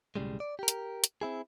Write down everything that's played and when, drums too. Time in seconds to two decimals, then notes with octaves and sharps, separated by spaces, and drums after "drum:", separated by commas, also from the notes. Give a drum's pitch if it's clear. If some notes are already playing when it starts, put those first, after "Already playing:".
0.16 B1 A2 C#3 G3 G#3
0.40 D5
0.59 G4 A#4
0.68 drum: hi-hat
1.04 drum: hi-hat
1.21 C4 E4 G#4